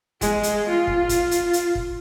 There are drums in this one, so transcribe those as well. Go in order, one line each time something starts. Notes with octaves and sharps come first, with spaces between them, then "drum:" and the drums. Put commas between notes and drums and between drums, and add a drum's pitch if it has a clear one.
G#3, drum: kick, hi-hat
drum: hi-hat
F4
drum: kick
drum: kick, hi-hat
drum: hi-hat
drum: hi-hat
drum: kick